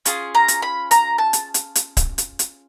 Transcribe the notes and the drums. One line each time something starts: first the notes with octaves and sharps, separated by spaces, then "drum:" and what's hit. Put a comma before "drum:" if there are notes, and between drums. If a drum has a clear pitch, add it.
C#4 F4 G#4, drum: hi-hat
A#5
drum: hi-hat
B5
A#5, drum: hi-hat
A5
drum: hi-hat
drum: hi-hat
drum: hi-hat
drum: kick C#1, hi-hat
drum: hi-hat
drum: hi-hat